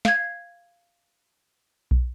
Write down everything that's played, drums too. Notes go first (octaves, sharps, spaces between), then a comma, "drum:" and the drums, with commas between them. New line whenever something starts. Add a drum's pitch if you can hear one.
F5 G#6, drum: snare
drum: kick B1